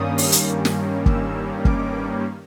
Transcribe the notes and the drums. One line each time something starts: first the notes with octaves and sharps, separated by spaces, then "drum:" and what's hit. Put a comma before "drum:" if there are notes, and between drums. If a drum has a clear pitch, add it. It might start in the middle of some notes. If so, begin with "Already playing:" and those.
Already playing: G2 D#3 G3 A#3 C#4 D#6
drum: open hi-hat
drum: hi-hat
drum: snare
E6, drum: kick
D6, drum: kick